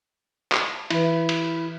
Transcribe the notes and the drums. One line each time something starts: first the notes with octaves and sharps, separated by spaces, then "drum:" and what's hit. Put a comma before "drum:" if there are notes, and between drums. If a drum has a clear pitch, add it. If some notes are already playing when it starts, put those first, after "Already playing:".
drum: clap
E3 E4 B4 B5, drum: cymbal
drum: cymbal